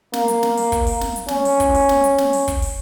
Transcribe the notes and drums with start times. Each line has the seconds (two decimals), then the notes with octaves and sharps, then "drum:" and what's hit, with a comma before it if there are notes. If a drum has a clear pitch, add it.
0.13 A#3, drum: snare
0.28 drum: hi-hat
0.43 drum: snare
0.57 drum: open hi-hat
0.72 drum: kick, hi-hat
0.87 drum: open hi-hat
1.01 drum: snare
1.16 drum: hi-hat
1.28 C#4, drum: snare
1.45 drum: open hi-hat
1.60 drum: kick, hi-hat
1.74 drum: open hi-hat
1.89 drum: snare
2.04 drum: hi-hat
2.18 drum: snare
2.33 drum: open hi-hat
2.48 drum: kick, hi-hat
2.62 drum: open hi-hat